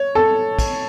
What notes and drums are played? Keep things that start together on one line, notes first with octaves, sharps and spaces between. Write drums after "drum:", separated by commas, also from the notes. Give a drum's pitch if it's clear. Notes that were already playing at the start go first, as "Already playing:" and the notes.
Already playing: C#5
A4
drum: kick, cymbal